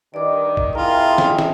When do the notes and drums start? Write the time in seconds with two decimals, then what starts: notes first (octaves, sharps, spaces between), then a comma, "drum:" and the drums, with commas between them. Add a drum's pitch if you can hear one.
0.14 G2 D#3 D5 D6
0.57 drum: kick A#1
0.75 C3 E4 F4 G#4 A#4 G5
1.18 F2, drum: snare
1.39 drum: snare